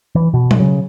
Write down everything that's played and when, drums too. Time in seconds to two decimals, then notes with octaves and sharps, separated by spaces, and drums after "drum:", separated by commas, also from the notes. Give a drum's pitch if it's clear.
0.15 E3
0.34 B2
0.51 drum: tom F#3
0.60 C#3